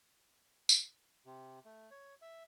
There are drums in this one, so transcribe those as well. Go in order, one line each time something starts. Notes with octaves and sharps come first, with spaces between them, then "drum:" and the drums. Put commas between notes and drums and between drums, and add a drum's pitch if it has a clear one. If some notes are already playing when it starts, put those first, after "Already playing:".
drum: tambourine
C3
A3
C#5
E5